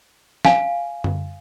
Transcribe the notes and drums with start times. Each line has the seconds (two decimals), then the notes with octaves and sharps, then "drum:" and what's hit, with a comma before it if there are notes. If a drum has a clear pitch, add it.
0.45 F5 G#5, drum: snare
1.04 drum: tom F#2